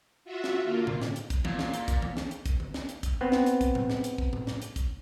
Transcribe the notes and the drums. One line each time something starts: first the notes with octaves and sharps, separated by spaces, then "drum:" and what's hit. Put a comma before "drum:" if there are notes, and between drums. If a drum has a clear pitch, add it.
F4 F#4 E5
drum: snare
D3 A#3 F4
drum: tom A2
drum: snare
drum: hi-hat
drum: kick, hi-hat
A#2, drum: tom D#3
drum: snare
drum: hi-hat
drum: kick, hi-hat
drum: tom D#3
drum: snare
drum: hi-hat
drum: kick, hi-hat
drum: tom D#3
drum: snare
drum: hi-hat
drum: kick, hi-hat
B3 C4
drum: snare
drum: hi-hat
drum: kick, hi-hat
drum: tom A2
drum: snare
drum: hi-hat
drum: kick
drum: tom A2
drum: snare
drum: hi-hat
drum: kick, hi-hat